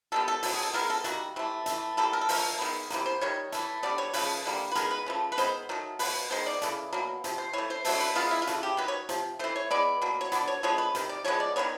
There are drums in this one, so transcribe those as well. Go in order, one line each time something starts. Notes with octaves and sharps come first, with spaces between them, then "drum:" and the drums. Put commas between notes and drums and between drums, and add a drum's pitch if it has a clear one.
D#3 G3 B3 A4
A4
B2 F#3 A3, drum: open hi-hat
G#4
A4
D#3 G#3 B3 A#4
A4
D#3 G3 A#3 F#4, drum: hi-hat
C3 E3 A3
E3 A3, drum: hi-hat
E3 G3 A#3 A4
A#4
A4
D3 F3 A3 A#4, drum: open hi-hat
D#3 G#3 B3
C3 E3 G3 A#3, drum: hi-hat
C5
D#3 G3 C#5
E3 A3, drum: hi-hat
D3 G3 B3 D5
C#5
C#3 F3 A3 B4, drum: open hi-hat
D3 G3 A#3
B4
D#3 G#3 B3 A#4, drum: hi-hat
B4
C#3 F3 A3
B4
D#3 G#3 B3 C5, drum: hi-hat
D#3 F#3 A3
B2 F#3 B4, drum: open hi-hat
D#3 G#3 B3 C5
D5
C#3 E3 A3, drum: hi-hat
B2 F#3 A#3
C3 F3, drum: hi-hat
C5
E3 A3 C#5
C5
D3 F#3 A3 C5, drum: open hi-hat
B4
D#3 G#3 B3 F4
E4
F4
C#3 E3 A3 F#4, drum: hi-hat
G4
D#3 F#3 B4
C#5
C3 F3, drum: hi-hat
E3 A3 C5
C#5
E3 G#3 B3 D5
B2 F#3 A#3
C#5
D3 F#3 B3 D5, drum: hi-hat
C#5
D3 F3 G#3 B3 C#5
B4
C3 D#3, drum: hi-hat
D5
D3 F3 G#3 B3 C#5
D5
D#3 G#3 B3 C#5